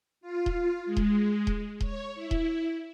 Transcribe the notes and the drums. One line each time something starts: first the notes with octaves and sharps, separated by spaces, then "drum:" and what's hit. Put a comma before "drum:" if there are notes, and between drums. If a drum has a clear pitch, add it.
F4
drum: kick D#1
G#3
drum: kick D#1
drum: kick D#1
C#5, drum: kick D#1
E4
drum: kick D#1